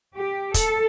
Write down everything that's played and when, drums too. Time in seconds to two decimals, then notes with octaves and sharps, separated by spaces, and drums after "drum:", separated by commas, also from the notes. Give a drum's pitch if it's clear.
0.16 G4
0.54 A4, drum: kick, hi-hat